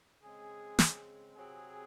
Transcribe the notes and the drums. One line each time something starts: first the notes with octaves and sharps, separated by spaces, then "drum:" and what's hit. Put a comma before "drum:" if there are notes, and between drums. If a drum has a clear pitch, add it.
C#3 G#3 C4 G#4
drum: snare
C3 F#3 C4 G#4